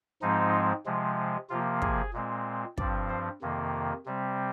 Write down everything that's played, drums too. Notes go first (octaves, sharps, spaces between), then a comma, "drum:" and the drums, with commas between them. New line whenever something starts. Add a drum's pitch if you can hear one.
G#2 F3 G#3 C4 D#4
C3 F3 G#3
C3 F3 A#3 F4
G#4, drum: kick
A#2 G#3 C4
G2 F3 C4 D5, drum: kick
C5
F2 C3 D#3 A#3
C3 G3 C4